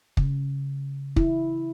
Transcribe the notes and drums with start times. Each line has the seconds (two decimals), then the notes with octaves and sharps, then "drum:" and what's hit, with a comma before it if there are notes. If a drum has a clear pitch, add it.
0.17 C#3, drum: kick
1.16 E4, drum: kick